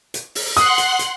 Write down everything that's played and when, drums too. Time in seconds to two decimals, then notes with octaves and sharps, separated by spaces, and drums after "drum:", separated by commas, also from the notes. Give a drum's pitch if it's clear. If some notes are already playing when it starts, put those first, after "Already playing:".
0.14 drum: hi-hat
0.35 drum: open hi-hat
0.57 F#5 C6 D#6 F#6, drum: hi-hat
0.78 drum: hi-hat
0.99 drum: hi-hat